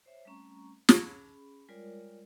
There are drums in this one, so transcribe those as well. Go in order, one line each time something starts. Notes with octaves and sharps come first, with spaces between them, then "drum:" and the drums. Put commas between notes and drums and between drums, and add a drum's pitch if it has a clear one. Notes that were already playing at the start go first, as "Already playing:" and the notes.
C5 C#5 E5
G3 A3 C4 C#4 A#5 C#6
C#4 G#4 B5, drum: snare
G3 G#3 F4 A#4 C#5 D5